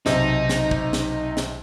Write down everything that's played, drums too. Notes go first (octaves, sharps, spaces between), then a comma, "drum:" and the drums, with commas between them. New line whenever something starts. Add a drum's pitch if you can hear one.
B1 C3 D#4, drum: snare
drum: snare
drum: kick
drum: snare
drum: snare